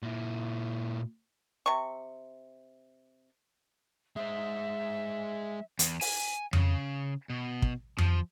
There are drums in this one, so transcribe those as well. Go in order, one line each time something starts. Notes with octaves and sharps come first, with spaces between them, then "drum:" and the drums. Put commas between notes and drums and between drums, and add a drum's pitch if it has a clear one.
A#2 E4
C3 C#6
G#3 C5 E5
E2, drum: hi-hat
G#5, drum: open hi-hat
C#3, drum: tom F2
B2
drum: kick
F3, drum: tom F2